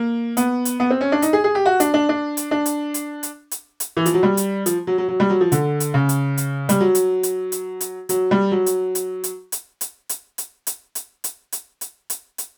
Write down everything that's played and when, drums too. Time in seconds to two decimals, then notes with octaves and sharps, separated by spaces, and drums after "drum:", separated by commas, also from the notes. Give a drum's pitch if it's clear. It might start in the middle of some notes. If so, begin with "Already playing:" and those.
Already playing: A#3
0.37 B3, drum: hi-hat
0.65 drum: hi-hat
0.80 B3
0.91 C4
1.01 C#4
1.12 D4
1.22 D#4, drum: hi-hat
1.33 G#4
1.44 G#4
1.55 G4
1.66 F#4
1.80 D4, drum: hi-hat
1.94 D4
2.09 D4
2.37 drum: hi-hat
2.51 D4
2.66 drum: hi-hat
2.94 drum: hi-hat
3.23 drum: hi-hat
3.51 drum: hi-hat
3.80 drum: hi-hat
3.97 E3
4.06 F3, drum: hi-hat
4.14 F#3
4.23 G3
4.37 drum: hi-hat
4.66 F3, drum: hi-hat
4.87 F#3
4.98 F#3
5.08 F#3
5.20 G3
5.30 F#3
5.41 F3
5.52 D3, drum: hi-hat
5.80 drum: hi-hat
5.94 C#3
6.09 drum: hi-hat
6.37 drum: hi-hat
6.69 G3, drum: hi-hat
6.81 F#3
6.95 drum: hi-hat
7.23 drum: hi-hat
7.52 drum: hi-hat
7.81 drum: hi-hat
8.09 F#3, drum: hi-hat
8.31 G3
8.52 F#3
8.66 drum: hi-hat
8.95 drum: hi-hat
9.24 drum: hi-hat
9.52 drum: hi-hat
9.81 drum: hi-hat
10.09 drum: hi-hat
10.38 drum: hi-hat
10.67 drum: hi-hat
10.95 drum: hi-hat
11.24 drum: hi-hat
11.52 drum: hi-hat
11.81 drum: hi-hat
12.10 drum: hi-hat
12.38 drum: hi-hat